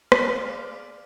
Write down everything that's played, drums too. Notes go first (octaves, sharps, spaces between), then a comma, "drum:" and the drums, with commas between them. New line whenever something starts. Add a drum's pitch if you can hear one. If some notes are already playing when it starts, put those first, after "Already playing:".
G#4 D5 F5, drum: rim click